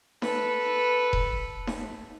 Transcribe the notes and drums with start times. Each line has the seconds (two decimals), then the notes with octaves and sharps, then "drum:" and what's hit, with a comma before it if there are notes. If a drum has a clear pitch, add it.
0.22 A4 B4, drum: snare D#4
1.13 drum: kick E1
1.67 drum: snare D#4